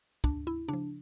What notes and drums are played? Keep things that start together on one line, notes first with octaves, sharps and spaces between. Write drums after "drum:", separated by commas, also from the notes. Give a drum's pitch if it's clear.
D2 D4, drum: kick
E4
C#3 F3 D4